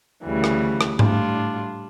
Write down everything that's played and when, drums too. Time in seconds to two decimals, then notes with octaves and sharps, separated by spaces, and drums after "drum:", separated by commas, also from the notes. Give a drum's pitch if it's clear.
0.25 D2 C#3 E3 G3
0.44 drum: rim click
0.81 drum: rim click
0.99 A2 G3 D4 F4, drum: tom G#2